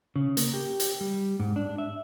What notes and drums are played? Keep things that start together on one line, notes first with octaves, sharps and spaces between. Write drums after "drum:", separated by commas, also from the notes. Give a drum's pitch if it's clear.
C#3
A#3, drum: hi-hat
G4
drum: hi-hat
G3
G#2
D4
E5